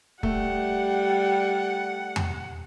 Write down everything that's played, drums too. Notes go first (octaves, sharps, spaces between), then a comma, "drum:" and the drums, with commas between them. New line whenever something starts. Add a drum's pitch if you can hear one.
G3 A3 F#5, drum: kick
drum: tom E2